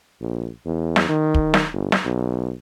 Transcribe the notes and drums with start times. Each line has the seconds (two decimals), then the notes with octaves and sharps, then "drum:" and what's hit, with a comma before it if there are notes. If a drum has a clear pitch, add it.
0.21 A#1
0.65 E2
0.96 drum: snare
1.09 D#3
1.34 drum: kick
1.54 drum: snare
1.73 G1
1.92 drum: snare
2.05 B1